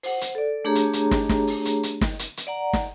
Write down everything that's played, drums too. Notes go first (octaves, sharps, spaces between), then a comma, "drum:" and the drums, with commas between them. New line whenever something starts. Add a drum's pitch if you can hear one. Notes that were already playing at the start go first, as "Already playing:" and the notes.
C5 F#5, drum: open hi-hat
drum: hi-hat
A4 D5
A3 D4 G4 G#4 C#5 A#5
drum: hi-hat
drum: hi-hat
drum: snare
drum: snare
drum: open hi-hat
drum: hi-hat
drum: hi-hat
drum: snare
drum: hi-hat
drum: hi-hat
D5 F#5 A#5
drum: snare